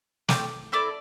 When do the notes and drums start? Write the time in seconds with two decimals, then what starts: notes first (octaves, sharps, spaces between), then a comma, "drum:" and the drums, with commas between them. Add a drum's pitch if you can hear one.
0.29 A3 C4 G4 D6, drum: snare
0.72 C4 E4 A4 D5 D6